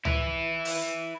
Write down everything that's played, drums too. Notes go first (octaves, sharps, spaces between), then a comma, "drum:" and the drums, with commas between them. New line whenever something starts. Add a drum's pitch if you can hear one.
E4 B4, drum: tom C#2
drum: open hi-hat